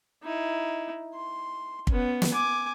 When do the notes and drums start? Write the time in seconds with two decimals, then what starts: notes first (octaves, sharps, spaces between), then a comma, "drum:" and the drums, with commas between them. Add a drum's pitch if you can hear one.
0.23 D#4 E4
1.14 C6
1.87 B3 C#4, drum: kick
2.22 drum: snare
2.32 G#5 D6